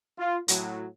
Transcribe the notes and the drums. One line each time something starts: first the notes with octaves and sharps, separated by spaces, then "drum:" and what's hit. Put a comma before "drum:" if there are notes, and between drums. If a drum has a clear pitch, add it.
F4
A2 F#3, drum: hi-hat